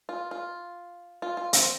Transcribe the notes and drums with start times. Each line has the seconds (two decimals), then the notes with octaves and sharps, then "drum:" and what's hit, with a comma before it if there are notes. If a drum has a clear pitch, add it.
0.09 F4
0.31 F4
1.22 F4
1.37 F4
1.53 C4, drum: hi-hat